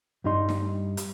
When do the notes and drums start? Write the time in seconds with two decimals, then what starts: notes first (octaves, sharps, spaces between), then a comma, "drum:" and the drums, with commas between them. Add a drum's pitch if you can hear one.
0.24 G2 G3 D#4 C6
0.49 drum: snare
0.97 drum: hi-hat